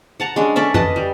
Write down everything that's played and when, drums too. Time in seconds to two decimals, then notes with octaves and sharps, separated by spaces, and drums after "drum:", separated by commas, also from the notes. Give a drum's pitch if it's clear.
0.20 F#5 A5 A#5
0.36 G#3 C#4 D4
0.56 C#4 A4 D5 E5
0.74 B4 D#5 A5, drum: tom
0.96 G3